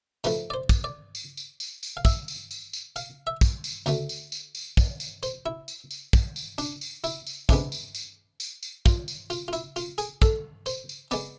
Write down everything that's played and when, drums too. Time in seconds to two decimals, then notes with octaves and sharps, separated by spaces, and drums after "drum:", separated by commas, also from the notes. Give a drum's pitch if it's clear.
0.24 G#2 F3 A3 B4, drum: tambourine
0.50 D5
0.54 C5
0.69 drum: kick, tambourine
0.84 D5
1.15 drum: tambourine
1.37 drum: tambourine
1.60 drum: tambourine
1.83 drum: tambourine
1.97 F5
2.05 E5, drum: kick, tambourine
2.28 drum: tambourine
2.51 drum: tambourine
2.73 drum: tambourine
2.96 F5, drum: tambourine
3.27 E5
3.41 drum: kick, tambourine
3.64 drum: tambourine
3.86 D2 D3 A3, drum: tambourine
4.09 drum: tambourine
4.32 drum: tambourine
4.55 drum: tambourine
4.77 drum: kick, tambourine
5.00 drum: tambourine
5.23 C5, drum: tambourine
5.46 E4
5.68 drum: tambourine
5.91 drum: tambourine
6.13 drum: kick, tambourine
6.36 drum: tambourine
6.58 D4, drum: tambourine
6.81 drum: tambourine
7.04 E4, drum: tambourine
7.27 drum: tambourine
7.49 E2 C3 G#3 B3 D4, drum: kick, tambourine
7.72 drum: tambourine
7.95 drum: tambourine
8.40 drum: tambourine
8.63 drum: tambourine
8.86 F4, drum: kick, tambourine
9.08 drum: tambourine
9.30 F4, drum: tambourine
9.48 F4
9.53 E4, drum: tambourine
9.76 F4, drum: tambourine
9.98 G#4, drum: tambourine
10.22 A4, drum: kick, tambourine
10.66 C5, drum: tambourine
10.89 drum: tambourine
11.11 G#3 B3 D5, drum: tambourine